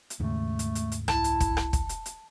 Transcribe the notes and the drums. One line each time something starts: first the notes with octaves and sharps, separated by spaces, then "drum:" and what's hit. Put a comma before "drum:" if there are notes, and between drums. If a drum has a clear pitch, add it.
drum: hi-hat
D#2 G#2 C#3 A3
drum: hi-hat
drum: hi-hat
drum: hi-hat
C2 E4 A5, drum: rim click
drum: hi-hat
drum: kick, hi-hat
drum: rim click
drum: kick, hi-hat
drum: hi-hat
drum: hi-hat